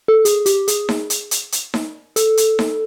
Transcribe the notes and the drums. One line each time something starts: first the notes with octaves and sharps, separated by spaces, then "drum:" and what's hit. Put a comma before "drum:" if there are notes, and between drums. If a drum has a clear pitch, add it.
A4
G#4, drum: hi-hat
G4, drum: hi-hat
G#4, drum: hi-hat
drum: snare D#4
drum: hi-hat
drum: hi-hat
drum: hi-hat
drum: snare D#4
A4, drum: hi-hat
drum: hi-hat
drum: snare D#4